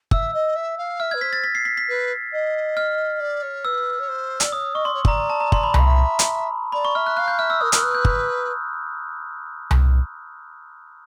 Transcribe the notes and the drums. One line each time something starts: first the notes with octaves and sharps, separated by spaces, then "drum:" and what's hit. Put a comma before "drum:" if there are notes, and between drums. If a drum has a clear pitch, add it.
E5 E6, drum: kick G1
D#5
E5
F5
E5 F6
B4 G#6
C5 B6
A6
B6
C7
B6
B6
B4
D#5
F6
D5
C#5
B4 E6
C#5
C5
D5, drum: hi-hat
C#5 D#6
D#5 C#6
D5 C6
C#5
D5 A#5, drum: kick G1
A5
A#5
C6, drum: kick G1
B5
B5, drum: tom C2
F5
E5 A#5
drum: hi-hat
D5 B5
C#6
E5 F6
F#6
F5 F#6
G6
E5 F6
E6
A#4 D#6
A#4 F6, drum: hi-hat
B4 F#6
G6
drum: kick G1
drum: tom C2